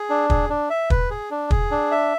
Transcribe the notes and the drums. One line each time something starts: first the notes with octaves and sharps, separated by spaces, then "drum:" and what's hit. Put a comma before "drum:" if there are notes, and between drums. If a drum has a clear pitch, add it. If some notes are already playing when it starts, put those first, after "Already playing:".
Already playing: G#4
D4
G#4, drum: kick
D4
E5
B4, drum: kick
G#4
D4
G#4, drum: kick
D4
E5